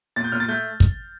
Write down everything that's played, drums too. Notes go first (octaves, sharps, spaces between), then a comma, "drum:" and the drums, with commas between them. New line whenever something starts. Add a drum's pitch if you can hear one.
A#2 A6
G6
A#2 F6
A6
A3 G6
drum: kick